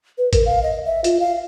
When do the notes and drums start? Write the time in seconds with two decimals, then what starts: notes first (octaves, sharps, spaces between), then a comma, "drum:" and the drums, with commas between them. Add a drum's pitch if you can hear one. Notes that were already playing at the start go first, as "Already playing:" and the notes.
0.18 B4
0.33 A#4, drum: kick G#1, hi-hat
0.46 F5
0.63 D#5
0.85 E5
1.04 F4, drum: hi-hat
1.20 F5